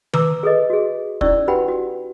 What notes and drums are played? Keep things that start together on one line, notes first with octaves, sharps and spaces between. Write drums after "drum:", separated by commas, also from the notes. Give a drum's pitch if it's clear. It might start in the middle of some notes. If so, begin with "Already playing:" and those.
B4 A#5 D6 E6, drum: tom D#3
G#4 A4 B4 D#5
F#4 G#4
C#4 D#4 E4 D5 C#6 E6, drum: kick
F#4 G4 B4 F#5 G5 B5
F#4